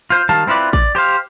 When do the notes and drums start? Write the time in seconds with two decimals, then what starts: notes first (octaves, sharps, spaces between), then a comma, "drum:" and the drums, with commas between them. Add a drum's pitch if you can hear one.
0.10 F4 C5
0.29 D#3 G3 F5 A5
0.47 C4 E4 F4 B4 D5
0.73 D5, drum: kick
0.95 G4 C5 C#5 F5